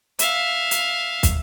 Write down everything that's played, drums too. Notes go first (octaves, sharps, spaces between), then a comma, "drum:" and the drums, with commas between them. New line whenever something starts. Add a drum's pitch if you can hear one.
E5 F5, drum: hi-hat
drum: hi-hat
drum: kick, hi-hat